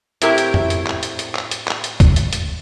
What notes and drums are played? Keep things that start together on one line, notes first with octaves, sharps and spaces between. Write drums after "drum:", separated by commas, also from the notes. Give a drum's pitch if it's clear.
A2 C4 E4 G4 A#4, drum: hi-hat
drum: hi-hat
drum: tom
drum: hi-hat
drum: clap
drum: hi-hat
drum: hi-hat
drum: clap
drum: hi-hat
drum: clap
drum: hi-hat
drum: kick, hi-hat
drum: hi-hat
drum: hi-hat